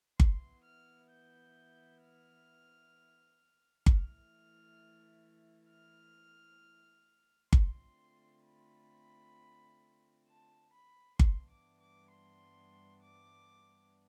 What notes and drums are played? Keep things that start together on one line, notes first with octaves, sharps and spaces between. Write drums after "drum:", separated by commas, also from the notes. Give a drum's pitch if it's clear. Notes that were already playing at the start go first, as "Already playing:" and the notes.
E3 B3 E4 C6, drum: kick G1
F6
G6
F6
E3 A3 E4 F6, drum: kick G1
F6
D3 A3 C4 F4 C6, drum: kick G1
B5
A5
B5
G2 E3 G3 B3 D4 C6, drum: kick G1
D6
D6
C6
D6